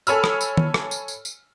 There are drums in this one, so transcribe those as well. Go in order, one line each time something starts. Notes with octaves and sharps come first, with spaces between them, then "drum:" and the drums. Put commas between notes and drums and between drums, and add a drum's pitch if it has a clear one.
A4 C#5 G#5 B5 E6 F6, drum: tambourine
drum: rim click
drum: tambourine
drum: tom D#3
drum: rim click
drum: tambourine
drum: tambourine
drum: tambourine